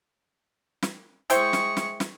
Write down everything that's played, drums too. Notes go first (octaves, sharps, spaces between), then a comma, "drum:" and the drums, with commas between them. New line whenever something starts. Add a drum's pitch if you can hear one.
drum: snare
G#3 E4 C5 G5 C#6, drum: hi-hat
drum: snare
drum: snare
drum: snare